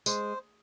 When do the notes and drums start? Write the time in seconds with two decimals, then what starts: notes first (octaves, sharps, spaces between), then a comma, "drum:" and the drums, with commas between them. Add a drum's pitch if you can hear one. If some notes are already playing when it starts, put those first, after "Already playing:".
0.06 G#3 C5, drum: tambourine